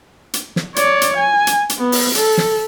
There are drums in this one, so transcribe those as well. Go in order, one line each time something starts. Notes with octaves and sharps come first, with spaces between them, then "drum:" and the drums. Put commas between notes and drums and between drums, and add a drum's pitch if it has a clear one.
drum: hi-hat
drum: snare
C#5 D5, drum: hi-hat
drum: hi-hat
G#5
drum: hi-hat
drum: hi-hat
B3
drum: open hi-hat
A4, drum: hi-hat
drum: snare